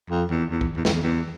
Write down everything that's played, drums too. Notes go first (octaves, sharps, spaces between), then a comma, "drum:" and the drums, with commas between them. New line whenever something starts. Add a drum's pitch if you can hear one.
F2
E2
E2
drum: kick
E2
F2, drum: snare
E2
E2